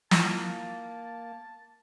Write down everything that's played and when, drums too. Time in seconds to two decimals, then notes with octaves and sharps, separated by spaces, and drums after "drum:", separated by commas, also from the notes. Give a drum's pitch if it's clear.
0.11 A#3 E4 F4 A5, drum: snare